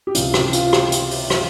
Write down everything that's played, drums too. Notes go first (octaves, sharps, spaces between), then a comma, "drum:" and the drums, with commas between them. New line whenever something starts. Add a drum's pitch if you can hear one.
G4
C#2 C3 E3 F4, drum: hi-hat
G4, drum: rim click
F4, drum: hi-hat
G4, drum: rim click
drum: hi-hat
drum: open hi-hat
drum: rim click